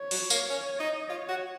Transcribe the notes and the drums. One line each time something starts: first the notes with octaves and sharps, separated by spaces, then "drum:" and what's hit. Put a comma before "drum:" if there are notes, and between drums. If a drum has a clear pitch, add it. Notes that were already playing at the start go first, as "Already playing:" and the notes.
Already playing: C#5
F#3, drum: open hi-hat
A#3, drum: tambourine
C#4 C#5
D#4 D#5
F4 C#5
F#4